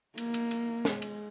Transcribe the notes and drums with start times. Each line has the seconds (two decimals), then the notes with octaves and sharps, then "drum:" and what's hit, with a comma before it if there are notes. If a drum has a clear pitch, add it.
0.18 A#3, drum: cymbal
0.34 drum: cymbal
0.51 drum: cymbal
0.85 G#3, drum: snare
1.02 drum: cymbal